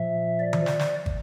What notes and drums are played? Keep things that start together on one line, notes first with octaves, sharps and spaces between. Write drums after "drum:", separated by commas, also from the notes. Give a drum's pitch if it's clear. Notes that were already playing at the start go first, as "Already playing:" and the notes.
Already playing: A#2 F3 E5
D5
drum: tom D#3
drum: snare
drum: snare
drum: kick